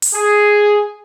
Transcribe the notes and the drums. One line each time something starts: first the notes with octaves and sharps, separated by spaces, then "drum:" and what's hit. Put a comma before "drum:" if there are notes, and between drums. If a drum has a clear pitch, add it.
drum: open hi-hat
G#4